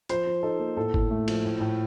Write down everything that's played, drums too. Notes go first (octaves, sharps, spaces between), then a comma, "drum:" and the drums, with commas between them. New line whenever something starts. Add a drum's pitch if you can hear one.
F3 C5, drum: hi-hat
F3
D#4 A4
A#3
A2 A4
A2, drum: kick G1
A3
F3, drum: cymbal
A2
A2